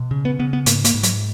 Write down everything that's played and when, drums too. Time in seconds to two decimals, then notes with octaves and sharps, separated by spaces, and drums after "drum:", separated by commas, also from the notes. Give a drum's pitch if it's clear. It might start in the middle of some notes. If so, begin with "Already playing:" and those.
Already playing: B2
0.11 C#3
0.25 B3
0.39 C#3 B3
0.53 B3
0.66 G#2 A#3, drum: hi-hat
0.84 A#3, drum: hi-hat
0.94 G#2
1.03 F#3, drum: hi-hat